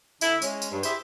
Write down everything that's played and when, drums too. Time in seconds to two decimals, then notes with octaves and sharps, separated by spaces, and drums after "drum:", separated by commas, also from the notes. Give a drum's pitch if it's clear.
0.21 D3 E4, drum: tambourine
0.42 G#3 C#4, drum: tambourine
0.62 drum: tambourine
0.71 G2
0.83 E4 G4 G#4 C5 E5, drum: tambourine